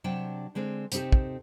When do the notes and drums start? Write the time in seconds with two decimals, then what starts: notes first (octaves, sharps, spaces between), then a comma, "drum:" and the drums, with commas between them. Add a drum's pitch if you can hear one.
0.04 C3 F#3 D4 G5 A5
0.55 D3 G#3 C4 D4
0.92 C3 C4 D#4 G4 A4, drum: hi-hat
1.12 drum: kick